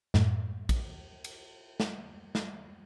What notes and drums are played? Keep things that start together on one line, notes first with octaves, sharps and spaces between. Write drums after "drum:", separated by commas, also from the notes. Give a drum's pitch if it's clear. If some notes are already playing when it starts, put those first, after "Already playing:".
F#2 A2, drum: snare
drum: kick A#1, cymbal
drum: cymbal
drum: snare
drum: snare